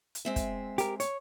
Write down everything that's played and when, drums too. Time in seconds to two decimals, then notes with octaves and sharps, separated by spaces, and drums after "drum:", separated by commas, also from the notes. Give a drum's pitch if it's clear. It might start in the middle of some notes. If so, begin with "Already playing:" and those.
0.15 drum: hi-hat
0.25 G#3 C4 E5
0.36 drum: kick, hi-hat
0.78 G4 A#4, drum: hi-hat
1.00 C#5, drum: hi-hat